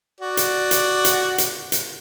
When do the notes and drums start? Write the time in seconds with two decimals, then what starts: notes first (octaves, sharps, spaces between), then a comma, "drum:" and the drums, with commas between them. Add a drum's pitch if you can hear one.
0.20 F#4 D5
0.37 drum: hi-hat
0.71 drum: hi-hat
1.05 drum: hi-hat
1.38 drum: hi-hat
1.72 drum: hi-hat